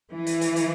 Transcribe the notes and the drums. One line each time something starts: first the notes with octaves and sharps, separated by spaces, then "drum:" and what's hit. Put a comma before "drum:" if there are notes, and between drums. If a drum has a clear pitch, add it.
E3
drum: hi-hat
drum: hi-hat
drum: hi-hat